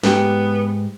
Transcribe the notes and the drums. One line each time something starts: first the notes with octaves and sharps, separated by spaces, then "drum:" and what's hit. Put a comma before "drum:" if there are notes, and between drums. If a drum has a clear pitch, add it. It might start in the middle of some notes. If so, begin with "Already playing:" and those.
G#2 B3 G4, drum: snare